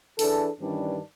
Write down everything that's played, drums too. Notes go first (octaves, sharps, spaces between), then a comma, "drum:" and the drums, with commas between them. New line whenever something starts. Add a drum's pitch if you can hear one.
E3 D4 G#4 A4, drum: open hi-hat
G2 D#3 E3 G3 C#4 D4